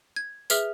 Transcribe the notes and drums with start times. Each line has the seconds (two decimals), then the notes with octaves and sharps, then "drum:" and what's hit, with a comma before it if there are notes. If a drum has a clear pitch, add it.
0.16 G#6
0.50 G#4 B4 E5 F6, drum: tambourine